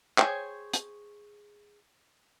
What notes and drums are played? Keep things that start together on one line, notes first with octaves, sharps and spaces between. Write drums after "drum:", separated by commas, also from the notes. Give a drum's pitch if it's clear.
G#4 C5 C#5 G5, drum: clap
drum: hi-hat